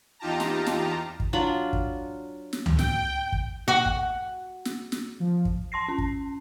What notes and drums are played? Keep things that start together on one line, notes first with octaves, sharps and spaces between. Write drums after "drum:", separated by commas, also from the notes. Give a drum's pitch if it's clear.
E2 D#4 F4 G4 A5 A#5
drum: snare
drum: snare
drum: kick
F#3 D4 F4 B5
drum: kick
drum: snare
drum: tom C#2
G5, drum: snare
drum: kick
F#4
drum: kick
drum: snare
drum: snare
F3
drum: kick
A5 C6 A#6 C7
C#4
drum: kick